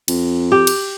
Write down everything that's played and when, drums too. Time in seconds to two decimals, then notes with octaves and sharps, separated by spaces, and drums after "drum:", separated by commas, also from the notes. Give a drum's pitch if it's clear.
0.08 F2, drum: cymbal
0.52 G4
0.67 drum: cymbal